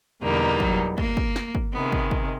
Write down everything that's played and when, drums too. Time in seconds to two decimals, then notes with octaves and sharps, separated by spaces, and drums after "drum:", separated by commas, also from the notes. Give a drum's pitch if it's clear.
0.22 E2 B2 D3 G3 A#3 D#4
0.60 F#3, drum: kick
0.98 A#3, drum: kick
1.17 drum: kick
1.36 drum: snare
1.55 drum: kick
1.73 C3 D#3 G#3 B3
1.92 drum: kick
2.11 drum: kick